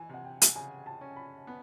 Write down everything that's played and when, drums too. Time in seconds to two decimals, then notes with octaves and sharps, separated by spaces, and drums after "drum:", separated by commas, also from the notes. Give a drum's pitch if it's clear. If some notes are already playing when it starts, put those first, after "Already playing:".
Already playing: E3 G#5
0.09 C3 F#5
0.25 G5
0.42 drum: hi-hat
0.56 C#3 G#5
0.86 A5
1.01 C#4
1.16 B5
1.47 B3